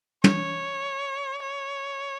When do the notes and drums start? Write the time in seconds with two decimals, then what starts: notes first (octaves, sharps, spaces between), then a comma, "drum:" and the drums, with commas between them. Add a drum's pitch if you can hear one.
0.24 C#5, drum: tom
1.42 C#5